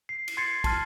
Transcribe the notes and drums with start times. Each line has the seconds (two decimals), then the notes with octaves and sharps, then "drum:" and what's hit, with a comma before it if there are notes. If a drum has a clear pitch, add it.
0.09 C7
0.28 drum: cymbal
0.37 C6 G#6 A6 C7 C#7
0.64 A5 C6 F6 A6, drum: kick, cymbal